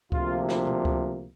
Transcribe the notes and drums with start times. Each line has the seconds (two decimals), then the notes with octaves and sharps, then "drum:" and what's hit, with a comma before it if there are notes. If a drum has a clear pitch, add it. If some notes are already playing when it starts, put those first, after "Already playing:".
0.12 D2 C3 F3 A#3 F4, drum: kick C#2
0.49 drum: snare
0.67 drum: tom B2
0.85 drum: kick C#2